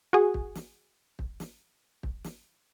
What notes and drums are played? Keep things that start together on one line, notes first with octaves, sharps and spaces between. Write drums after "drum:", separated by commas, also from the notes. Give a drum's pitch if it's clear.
F#4 G#4
drum: kick
drum: snare
drum: kick
drum: snare
drum: kick
drum: snare